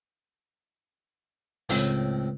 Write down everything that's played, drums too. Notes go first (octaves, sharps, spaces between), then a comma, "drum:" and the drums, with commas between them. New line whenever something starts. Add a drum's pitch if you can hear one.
C#2 A2 C4, drum: open hi-hat